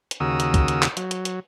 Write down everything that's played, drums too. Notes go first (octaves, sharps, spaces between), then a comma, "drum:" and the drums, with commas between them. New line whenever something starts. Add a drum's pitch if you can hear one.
drum: hi-hat
D#2 C#3 F#4 A#4 D#6 E6
drum: hi-hat
drum: kick, hi-hat
drum: hi-hat
drum: clap
F#3, drum: hi-hat
drum: hi-hat
drum: hi-hat